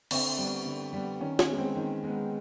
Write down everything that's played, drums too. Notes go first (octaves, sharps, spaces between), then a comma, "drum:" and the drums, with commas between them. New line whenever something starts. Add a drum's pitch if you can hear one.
D3 C4, drum: cymbal
G3
B3
D3
G3 B3
D#3 C#4
C#4, drum: snare
G#3 B3
C4
D#3
G#3 B3